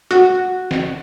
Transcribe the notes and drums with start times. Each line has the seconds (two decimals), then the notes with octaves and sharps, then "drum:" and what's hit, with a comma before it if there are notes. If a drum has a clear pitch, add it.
0.11 F#4, drum: hi-hat
0.71 drum: snare